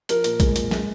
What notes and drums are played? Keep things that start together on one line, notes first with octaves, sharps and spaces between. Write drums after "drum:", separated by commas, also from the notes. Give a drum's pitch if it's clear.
F3 A#4, drum: hi-hat
A#2, drum: hi-hat
G#3, drum: kick, hi-hat
A#2, drum: hi-hat
G#3, drum: snare